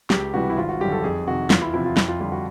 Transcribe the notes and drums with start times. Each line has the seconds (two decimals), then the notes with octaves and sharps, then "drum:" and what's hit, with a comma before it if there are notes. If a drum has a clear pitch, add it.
0.10 C#2 G4, drum: snare
0.34 C3 E3 G3 F#4
0.50 E4
0.57 G#1 F4
0.69 F#4
0.80 F#2 D3 G3 G4
0.92 A4
1.04 F2 G#4
1.28 C3 D#3 F#4
1.50 E2 F4, drum: snare
1.62 E4
1.74 C3 F3 E4
1.85 F4
1.97 F2 E4, drum: snare
2.08 F4
2.20 D3 G3 F4
2.32 F#4